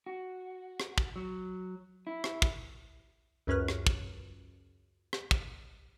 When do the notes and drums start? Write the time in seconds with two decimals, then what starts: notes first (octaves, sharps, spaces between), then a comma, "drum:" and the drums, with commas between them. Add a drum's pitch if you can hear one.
0.06 F#4
0.80 drum: rim click
0.98 drum: kick
1.16 F#3
2.07 E4
2.24 drum: rim click
2.42 drum: kick
3.47 C#2 F#2 C#4 B4 F6 F#6
3.68 drum: rim click
3.87 drum: kick
5.13 drum: rim click
5.31 drum: kick